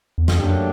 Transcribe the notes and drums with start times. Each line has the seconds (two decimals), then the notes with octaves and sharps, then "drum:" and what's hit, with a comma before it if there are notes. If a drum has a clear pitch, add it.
0.18 E2
0.28 F2, drum: snare
0.38 F#2 A2 F#3 A#3 D4 G4